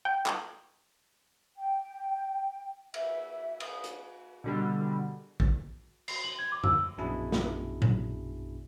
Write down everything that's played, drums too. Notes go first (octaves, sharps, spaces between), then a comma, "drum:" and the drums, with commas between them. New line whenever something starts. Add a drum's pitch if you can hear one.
G5
drum: clap
G5
E5, drum: cymbal
D#6, drum: cymbal
drum: hi-hat
B2 D3 G3
drum: kick
C7, drum: cymbal
F#7
G#6
D6
E6, drum: tom F#2
A#1 F#2 B2 D4 E4 G#4
drum: snare
drum: tom A#2